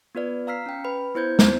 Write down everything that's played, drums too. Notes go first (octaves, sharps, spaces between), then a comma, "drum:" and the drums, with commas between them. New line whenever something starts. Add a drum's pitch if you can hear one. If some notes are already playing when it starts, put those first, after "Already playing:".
B3 F4 B4 D5
F5 A#5 E6 F6 B6 C7
C#4 G5
B4 B5
B3 E4 C5 G6 G#6
B3 C4 E4 C5, drum: snare